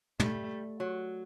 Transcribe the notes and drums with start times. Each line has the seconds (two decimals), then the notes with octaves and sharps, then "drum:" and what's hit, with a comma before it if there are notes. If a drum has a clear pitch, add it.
0.20 G3 A3, drum: tom
0.80 F#3